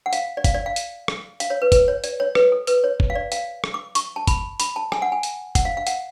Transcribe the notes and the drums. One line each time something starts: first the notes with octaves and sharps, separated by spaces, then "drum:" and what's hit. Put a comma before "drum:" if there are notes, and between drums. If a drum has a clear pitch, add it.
F#5
F5, drum: hi-hat
D5
F5, drum: kick G1, hi-hat
D5
F5
drum: hi-hat
drum: rim click
F5, drum: hi-hat
C#5
B4
B4, drum: kick G1, hi-hat
C#5
D5, drum: hi-hat
C#5
B4, drum: rim click
A4
B4, drum: hi-hat
C#5
drum: kick G1
F5
D5
F5, drum: hi-hat
drum: rim click
D6
C#6, drum: hi-hat
A5
B5, drum: kick G1, hi-hat
B5, drum: hi-hat
A5
G#5, drum: rim click
F#5
G#5
drum: hi-hat
F#5, drum: kick G1, hi-hat
F5
F5
F#5, drum: hi-hat